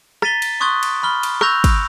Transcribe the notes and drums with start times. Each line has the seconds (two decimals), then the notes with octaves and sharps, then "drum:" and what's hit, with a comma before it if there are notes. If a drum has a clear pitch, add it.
0.22 A#5 A6 B6 D#7 G7, drum: rim click
0.42 drum: cymbal
0.60 C6 C#6 D#6 F#6 G#6 G7
0.83 drum: cymbal
1.03 B5 F6 G7
1.23 drum: cymbal
1.41 C#6 E6 F#6 G6 A#6 F7, drum: rim click
1.64 drum: kick, cymbal